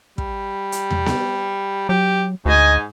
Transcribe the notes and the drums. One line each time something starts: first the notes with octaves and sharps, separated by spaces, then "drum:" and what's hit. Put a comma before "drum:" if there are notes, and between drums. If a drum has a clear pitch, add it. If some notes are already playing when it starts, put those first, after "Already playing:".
G3, drum: kick
drum: hi-hat
drum: tom E2
drum: snare B3
F#3 G4
D2 G#2 D#5 G#5